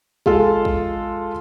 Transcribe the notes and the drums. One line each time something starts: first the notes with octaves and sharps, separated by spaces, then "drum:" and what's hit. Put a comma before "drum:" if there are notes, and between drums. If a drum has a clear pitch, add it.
G#3 F4 A4, drum: kick
drum: kick